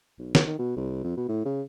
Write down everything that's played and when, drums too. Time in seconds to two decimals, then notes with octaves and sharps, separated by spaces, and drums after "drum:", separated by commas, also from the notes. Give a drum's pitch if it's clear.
0.18 B1
0.35 B1, drum: snare
0.47 D#3
0.58 B2
0.77 C2
1.04 F2
1.17 B2
1.28 A2
1.45 C#3